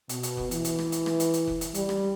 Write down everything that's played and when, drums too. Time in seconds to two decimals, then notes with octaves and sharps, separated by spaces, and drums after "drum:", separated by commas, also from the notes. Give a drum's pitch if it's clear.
0.09 B2, drum: hi-hat
0.23 drum: hi-hat
0.37 drum: kick F1
0.51 E3, drum: hi-hat
0.65 drum: hi-hat
0.78 drum: rim click
0.92 drum: hi-hat
1.06 drum: rim click
1.20 drum: hi-hat
1.34 drum: hi-hat
1.47 drum: kick F1
1.61 drum: hi-hat
1.75 G3, drum: hi-hat
1.89 drum: rim click